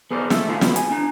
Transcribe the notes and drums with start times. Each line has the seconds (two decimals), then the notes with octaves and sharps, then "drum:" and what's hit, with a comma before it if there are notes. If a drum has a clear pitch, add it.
0.11 B3 G#4 A#4 C5 D5
0.30 A3 E5, drum: snare
0.48 D#3 D4 F4 G#4 A#4 C5
0.61 B3 F#4, drum: snare
0.76 G#5, drum: hi-hat
0.91 D4 A#5